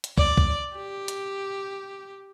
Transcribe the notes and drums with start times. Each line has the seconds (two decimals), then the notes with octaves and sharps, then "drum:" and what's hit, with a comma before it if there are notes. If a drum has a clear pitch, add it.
0.04 drum: hi-hat
0.18 D5, drum: kick
0.37 drum: kick
0.76 G4
1.08 drum: hi-hat